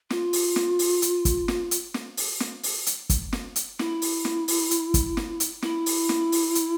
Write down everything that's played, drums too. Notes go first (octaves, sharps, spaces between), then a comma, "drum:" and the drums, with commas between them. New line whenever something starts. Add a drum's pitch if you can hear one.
F4, drum: snare
drum: open hi-hat
drum: snare
drum: open hi-hat
drum: hi-hat
drum: kick, hi-hat
drum: snare
drum: hi-hat
drum: snare
drum: open hi-hat
drum: snare
drum: open hi-hat
drum: hi-hat
drum: kick, hi-hat
drum: snare
drum: hi-hat
E4, drum: snare
drum: open hi-hat
drum: snare
drum: open hi-hat
drum: hi-hat
drum: kick, hi-hat
drum: snare
drum: hi-hat
E4, drum: snare
drum: open hi-hat
drum: snare
drum: open hi-hat
drum: hi-hat